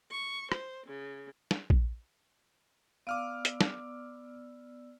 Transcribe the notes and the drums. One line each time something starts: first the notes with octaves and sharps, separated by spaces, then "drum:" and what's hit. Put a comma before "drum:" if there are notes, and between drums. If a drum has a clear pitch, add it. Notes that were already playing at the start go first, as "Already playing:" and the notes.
C#6
C5, drum: rim click
C#3
drum: snare
drum: kick A#1
B3 D5 F5 D6 E6 F6 D7
drum: hi-hat
drum: snare